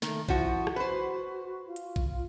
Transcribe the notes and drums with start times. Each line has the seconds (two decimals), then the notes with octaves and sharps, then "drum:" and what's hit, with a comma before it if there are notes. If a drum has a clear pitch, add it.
0.02 D#3 A3, drum: snare
0.29 F3 E4 F#4, drum: kick A1
0.67 drum: rim click
0.76 F#4 B4 C5
1.67 F4
1.76 drum: hi-hat
1.96 drum: kick A1